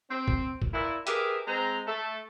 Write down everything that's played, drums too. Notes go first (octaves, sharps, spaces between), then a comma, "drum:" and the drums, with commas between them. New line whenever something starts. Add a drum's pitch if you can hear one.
C4
drum: kick
drum: kick
A#2 E4
G4 G#4 A#4 B4 E5, drum: hi-hat
G#3 C4 C5 A#5
A3 A4